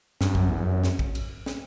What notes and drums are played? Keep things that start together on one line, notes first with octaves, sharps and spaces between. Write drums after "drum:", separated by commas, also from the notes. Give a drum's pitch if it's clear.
G2, drum: snare
F#2, drum: kick A#1
E2
F#2
drum: snare
drum: kick A#1
drum: cymbal
drum: snare